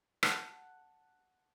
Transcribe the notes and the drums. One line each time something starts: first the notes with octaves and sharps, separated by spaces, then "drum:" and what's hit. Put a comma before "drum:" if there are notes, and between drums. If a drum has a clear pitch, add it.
F#5 A5 F#6, drum: rim click